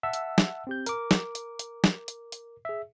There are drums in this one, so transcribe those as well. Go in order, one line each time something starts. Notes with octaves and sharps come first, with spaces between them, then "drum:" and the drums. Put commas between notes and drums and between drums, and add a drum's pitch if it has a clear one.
E5 F#5 A5 E6
drum: hi-hat
drum: snare
C4 G4 G6
A#4 D6, drum: hi-hat
drum: snare
drum: hi-hat
drum: hi-hat
drum: snare
drum: hi-hat
drum: hi-hat
G#4 E5